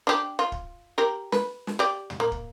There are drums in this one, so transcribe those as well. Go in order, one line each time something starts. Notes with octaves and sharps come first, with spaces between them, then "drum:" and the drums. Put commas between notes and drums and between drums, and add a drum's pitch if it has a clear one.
D4 G4
F4
drum: kick
G4 A#4
B4, drum: snare
drum: snare
G4 D5
drum: tom
A#3
drum: kick